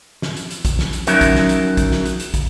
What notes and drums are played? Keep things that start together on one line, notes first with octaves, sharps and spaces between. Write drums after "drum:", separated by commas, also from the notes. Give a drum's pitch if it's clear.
drum: snare
drum: hi-hat
drum: hi-hat
drum: kick, hi-hat
drum: snare
drum: hi-hat
F#3 C#4 D#4 F#4 A#4 E5, drum: hi-hat
drum: kick, hi-hat
drum: snare
drum: hi-hat
drum: kick, hi-hat
drum: snare
drum: hi-hat
drum: hi-hat
drum: kick, hi-hat